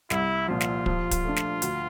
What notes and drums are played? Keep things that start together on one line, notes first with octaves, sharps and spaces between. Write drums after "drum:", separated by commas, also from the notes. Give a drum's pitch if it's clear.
C2 E4, drum: snare
A#2 F3 F4
drum: snare
F3, drum: kick
drum: kick, hi-hat
A3 D4
drum: snare
D2, drum: hi-hat